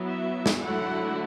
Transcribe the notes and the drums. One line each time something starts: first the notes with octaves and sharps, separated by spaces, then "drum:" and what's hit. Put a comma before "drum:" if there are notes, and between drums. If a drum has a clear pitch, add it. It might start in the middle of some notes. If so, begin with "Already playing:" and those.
Already playing: F#3 B3 E4
E5
drum: snare
D3 F#3 A3 E4 F#5